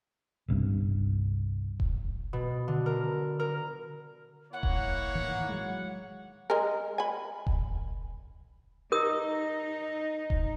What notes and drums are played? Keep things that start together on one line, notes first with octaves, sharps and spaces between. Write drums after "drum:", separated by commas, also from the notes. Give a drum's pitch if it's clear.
G1 C2 G2
drum: kick D#1
B2
D3
A#4
A#4
A#3 E4 C#5 F#5
drum: kick D#1
A2 D#3 E3
F#3 G#3
G#3 G#4 A#4
G#5 B5
drum: kick D#1
D#4 A#4 D#6
drum: kick D#1